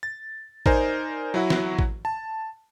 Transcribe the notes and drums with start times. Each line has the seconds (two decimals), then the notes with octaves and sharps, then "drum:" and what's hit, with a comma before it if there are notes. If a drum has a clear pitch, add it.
0.03 A6
0.66 D#4 A#4 C5 D5 G#5, drum: kick A1
1.34 F#3 E4 F#4
1.50 drum: snare
1.79 drum: kick A1
2.05 A5